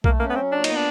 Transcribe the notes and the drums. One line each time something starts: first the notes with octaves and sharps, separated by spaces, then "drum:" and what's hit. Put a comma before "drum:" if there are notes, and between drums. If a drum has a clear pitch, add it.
A3 A#3, drum: kick B1
A#3 C#4
B3
F#3 C4
A#2 D4
B3 D#4, drum: cymbal
D4